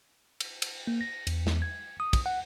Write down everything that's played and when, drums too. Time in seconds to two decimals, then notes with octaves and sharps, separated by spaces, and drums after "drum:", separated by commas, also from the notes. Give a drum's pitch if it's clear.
0.40 drum: cymbal
0.62 drum: cymbal
0.87 A#3
1.01 A#6
1.27 E2, drum: cymbal
1.47 E2, drum: snare
1.62 G#6
2.00 D#6
2.13 drum: kick, cymbal
2.26 F#5